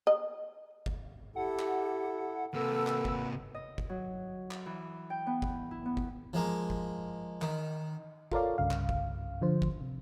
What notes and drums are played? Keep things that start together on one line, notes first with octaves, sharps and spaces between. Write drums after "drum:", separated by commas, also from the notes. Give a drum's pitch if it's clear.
D#5
drum: kick G1
E4 G4 A4 F#5
drum: clap
C3 A#3 A4 B4 F#5 E6
drum: clap
drum: kick G1
D#5
drum: kick G1
F#3
drum: clap
E3
G5
B3
drum: kick G1
E4
B3
drum: kick G1
F3 G#3 A#3
drum: kick G1
D#3, drum: clap
F4 A4 A#4 C#5 D5 F5, drum: kick G1
C2 G2 C#3 F5
drum: clap
drum: kick G1
D3 F3 C5
drum: kick G1
C3